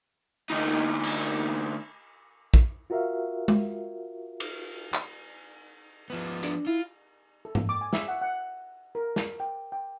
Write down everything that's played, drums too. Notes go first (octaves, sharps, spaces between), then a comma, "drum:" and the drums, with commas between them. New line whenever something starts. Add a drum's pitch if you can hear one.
D2 D#4
drum: cymbal
drum: kick
F4 F#4 A#4 E5 F5
drum: tom G#3
drum: cymbal
drum: clap
F3 B3
D4, drum: hi-hat
E4 F4
A4
drum: tom G#2
D6
G#5
E5, drum: snare
F#5
F#5
A#4
A5, drum: snare
G5
G5